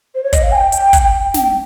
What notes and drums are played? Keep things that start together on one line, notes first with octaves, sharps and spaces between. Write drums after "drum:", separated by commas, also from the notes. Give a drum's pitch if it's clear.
C5
C#5
D#5, drum: kick, hi-hat
F5
G#5
G5
drum: hi-hat
drum: kick, hi-hat
G5, drum: snare